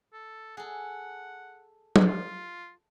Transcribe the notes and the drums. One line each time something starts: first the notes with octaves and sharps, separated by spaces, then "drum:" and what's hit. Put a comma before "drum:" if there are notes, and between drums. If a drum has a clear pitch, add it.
A4
G#4 A4 F#5
drum: tom F#3
F4